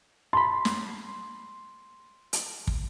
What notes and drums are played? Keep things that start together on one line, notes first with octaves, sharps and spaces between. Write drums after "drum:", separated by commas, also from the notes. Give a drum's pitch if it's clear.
A5 B5 C6
drum: snare
drum: hi-hat
drum: kick